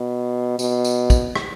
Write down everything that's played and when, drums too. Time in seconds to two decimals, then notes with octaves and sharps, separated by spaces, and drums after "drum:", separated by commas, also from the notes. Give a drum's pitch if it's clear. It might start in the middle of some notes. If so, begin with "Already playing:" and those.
Already playing: B2
0.59 B2, drum: tambourine
0.85 drum: tambourine
1.10 drum: kick, tambourine
1.36 drum: rim click